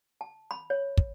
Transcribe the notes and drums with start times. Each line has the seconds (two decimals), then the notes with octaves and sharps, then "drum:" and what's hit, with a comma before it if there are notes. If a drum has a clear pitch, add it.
0.21 A5
0.51 B5
0.70 C#5
0.97 drum: kick